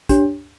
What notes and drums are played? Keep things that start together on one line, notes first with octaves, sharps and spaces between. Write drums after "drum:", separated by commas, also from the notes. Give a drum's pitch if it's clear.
D4 G4 C#5, drum: kick, hi-hat